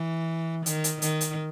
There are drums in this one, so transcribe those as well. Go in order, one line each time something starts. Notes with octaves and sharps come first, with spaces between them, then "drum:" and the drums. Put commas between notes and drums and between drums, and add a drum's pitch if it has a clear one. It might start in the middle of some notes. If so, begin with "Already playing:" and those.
Already playing: E3
D#3, drum: hi-hat
drum: hi-hat
D#3, drum: hi-hat
drum: hi-hat